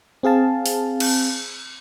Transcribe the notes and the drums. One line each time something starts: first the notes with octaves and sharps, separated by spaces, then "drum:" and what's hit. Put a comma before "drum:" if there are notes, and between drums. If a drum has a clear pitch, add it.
C4 G#4 F5 A5
drum: open hi-hat
drum: cymbal